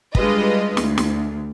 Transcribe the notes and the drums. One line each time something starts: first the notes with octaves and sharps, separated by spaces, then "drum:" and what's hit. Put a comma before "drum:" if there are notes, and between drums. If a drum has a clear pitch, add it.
G3 G#3 D4 F4 B4 D#5, drum: kick
D2, drum: snare
drum: snare